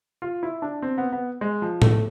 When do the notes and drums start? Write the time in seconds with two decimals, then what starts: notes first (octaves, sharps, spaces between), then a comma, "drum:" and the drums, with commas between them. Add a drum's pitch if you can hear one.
0.22 F4
0.43 E4
0.62 D4
0.82 C4
0.98 B3
1.12 B3
1.41 G#3
1.62 F3
1.82 A3, drum: tom A2